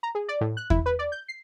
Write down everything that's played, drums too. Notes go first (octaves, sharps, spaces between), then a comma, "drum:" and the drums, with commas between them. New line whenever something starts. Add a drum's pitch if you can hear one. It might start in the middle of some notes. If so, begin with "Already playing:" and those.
A#5
G#4
D5
A2
F#6
E4, drum: kick E2
B4
D5
G6
C7